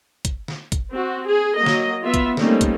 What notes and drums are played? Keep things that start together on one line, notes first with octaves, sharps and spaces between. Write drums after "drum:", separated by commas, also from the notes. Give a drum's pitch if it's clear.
drum: kick, hi-hat
drum: snare
drum: kick, hi-hat
C4 F#4
G#4
F#3 A#3 D#5
drum: snare
B3 F4 E5
drum: kick, hi-hat
G3 A3 A#3 C4 C#4 D#4, drum: snare
drum: kick, hi-hat